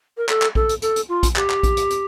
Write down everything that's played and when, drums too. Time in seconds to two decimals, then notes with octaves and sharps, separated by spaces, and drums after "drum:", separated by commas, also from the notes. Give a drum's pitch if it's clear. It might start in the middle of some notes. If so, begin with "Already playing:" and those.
0.17 A#4
0.29 A4, drum: clap
0.42 drum: clap
0.55 A4, drum: kick
0.69 drum: hi-hat
0.82 A4, drum: hi-hat
0.96 drum: hi-hat
1.09 F4
1.23 drum: kick, hi-hat
1.36 G4, drum: clap
1.50 drum: clap
1.63 drum: kick, hi-hat
1.77 drum: hi-hat
1.90 drum: hi-hat